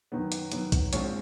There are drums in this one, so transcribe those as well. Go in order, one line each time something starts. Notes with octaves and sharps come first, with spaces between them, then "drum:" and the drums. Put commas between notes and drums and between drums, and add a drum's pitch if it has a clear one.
F#2 D#3 F#3 B3
drum: hi-hat
F#2 D#3 F#3 B3, drum: hi-hat
drum: kick A#1, hi-hat
A#1 G#2 F3 G#3 C4 C#5, drum: hi-hat